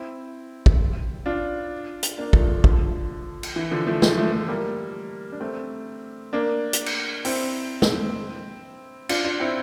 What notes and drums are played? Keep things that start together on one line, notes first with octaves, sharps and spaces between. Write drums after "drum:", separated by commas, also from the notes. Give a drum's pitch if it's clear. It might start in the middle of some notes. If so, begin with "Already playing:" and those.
Already playing: C4 E4
drum: kick
D4 F4
drum: hi-hat
A#3 D4
F3 A3, drum: kick
D3 F3
D3 F3, drum: kick
drum: cymbal
E3
D3 F3
F3 A3
F3 A3, drum: snare
F3 A3
F3 A3
G3 A#3
D4
A3 C4
A#3 D4
drum: hi-hat
drum: cymbal
C4 E4, drum: open hi-hat
drum: snare
D4 F4, drum: cymbal
D4 F4
C4 E4